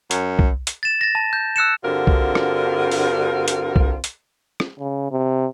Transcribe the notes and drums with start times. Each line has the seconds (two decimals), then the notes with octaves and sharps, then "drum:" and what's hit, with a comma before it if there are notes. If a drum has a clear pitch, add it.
0.11 F#2, drum: hi-hat
0.39 drum: kick
0.67 drum: hi-hat
0.83 A6 E7
1.01 A6 A#6
1.15 A5
1.33 G6
1.56 E6 F#6 C#7 E7
1.84 G2 D3 C4 F4 F#4 A#4
2.07 drum: kick
2.35 drum: rim click
2.91 drum: open hi-hat
3.48 drum: hi-hat
3.76 drum: kick
4.04 drum: hi-hat
4.60 drum: rim click
4.80 C#3
5.11 C3